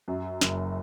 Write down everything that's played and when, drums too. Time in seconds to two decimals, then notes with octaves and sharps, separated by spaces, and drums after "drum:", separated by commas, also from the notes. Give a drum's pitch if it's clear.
0.08 F#2
0.41 F#1, drum: snare